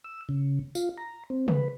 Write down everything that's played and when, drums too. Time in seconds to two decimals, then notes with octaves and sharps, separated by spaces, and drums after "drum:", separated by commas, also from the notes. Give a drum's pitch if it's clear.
0.04 E6
0.29 C#3
0.75 F4, drum: tambourine
0.98 A#5
1.30 C4
1.48 B4, drum: tom C#3